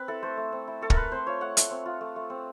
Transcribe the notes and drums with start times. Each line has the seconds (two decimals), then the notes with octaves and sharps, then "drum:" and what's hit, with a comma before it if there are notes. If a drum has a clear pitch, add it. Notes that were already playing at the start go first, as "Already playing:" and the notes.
Already playing: C4 B4
0.08 E4 A4
0.23 A3 C5
0.37 A3
0.52 C4
0.67 E4
0.82 A3 A4
0.90 A#4, drum: kick
0.97 A3 B4
1.11 C4 C5
1.26 F4 C#5
1.41 A3 F#5
1.57 A3, drum: hi-hat
1.71 C4
1.86 F4
2.01 A3
2.16 A3
2.30 C4